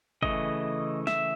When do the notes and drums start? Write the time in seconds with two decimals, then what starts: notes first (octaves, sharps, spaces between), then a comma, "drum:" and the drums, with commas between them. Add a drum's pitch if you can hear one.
0.22 C#3 E3 A3 D#5, drum: kick
1.07 E5, drum: snare